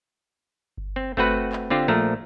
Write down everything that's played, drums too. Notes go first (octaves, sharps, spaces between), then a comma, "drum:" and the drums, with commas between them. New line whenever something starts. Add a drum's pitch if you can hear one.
drum: kick G1
C4
A3 C4 F#4 B4 F#5, drum: kick G1
drum: clap
D3 C4 F4 G4
A#1 F3 A3 A#5